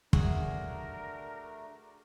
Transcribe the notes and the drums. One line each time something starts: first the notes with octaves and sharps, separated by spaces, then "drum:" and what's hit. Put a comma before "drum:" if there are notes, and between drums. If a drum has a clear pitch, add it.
A3 D4 F#4 G#4 A#4, drum: kick